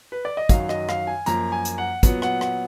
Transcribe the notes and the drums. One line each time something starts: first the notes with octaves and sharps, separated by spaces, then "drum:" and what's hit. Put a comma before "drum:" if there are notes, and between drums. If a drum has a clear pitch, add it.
B4
D5
D#5
F#2 D#3 F#3 F5, drum: kick, hi-hat
D#5, drum: rim click
F5, drum: rim click
G#5
F#2 F3 A#3 A#5, drum: hi-hat
G#5
drum: hi-hat
F#5
A#2 F#3 B3 F#5, drum: kick, hi-hat
F#5, drum: rim click
F#5, drum: rim click